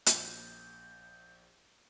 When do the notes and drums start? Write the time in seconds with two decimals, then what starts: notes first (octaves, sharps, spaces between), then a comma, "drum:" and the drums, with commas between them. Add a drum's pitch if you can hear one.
0.06 A#1 G6, drum: hi-hat